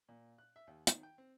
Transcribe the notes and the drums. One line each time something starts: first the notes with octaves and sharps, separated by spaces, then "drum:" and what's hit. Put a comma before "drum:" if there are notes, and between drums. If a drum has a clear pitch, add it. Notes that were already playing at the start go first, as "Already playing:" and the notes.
A#2
F#6
E5
D#2
D#3, drum: hi-hat
G5
C4